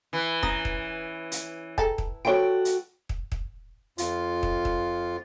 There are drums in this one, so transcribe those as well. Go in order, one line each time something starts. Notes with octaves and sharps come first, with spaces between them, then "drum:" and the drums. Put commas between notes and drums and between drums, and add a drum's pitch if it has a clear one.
E3
C#4 A#5 D#6 A#6, drum: kick
drum: kick
drum: hi-hat
G#4 A4 G5 A5 A#5, drum: kick
drum: kick
G3 F#4 A4 C5 C#5 G5 D7
drum: hi-hat
drum: kick
drum: kick
F2 F4, drum: hi-hat
drum: kick
drum: kick